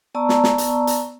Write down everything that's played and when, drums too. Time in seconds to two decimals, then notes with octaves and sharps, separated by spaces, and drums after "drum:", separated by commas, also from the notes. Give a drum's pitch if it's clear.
0.15 B3 D5 A5 A#5 C#6 E6
0.29 drum: snare
0.44 drum: snare
0.58 drum: hi-hat
0.87 drum: hi-hat